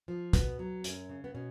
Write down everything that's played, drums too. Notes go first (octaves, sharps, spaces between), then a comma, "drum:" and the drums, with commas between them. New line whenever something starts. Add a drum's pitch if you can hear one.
F3
B2 B3, drum: kick, hi-hat
F#3
F#2 C#4, drum: hi-hat
C#3
B3
B2 C#4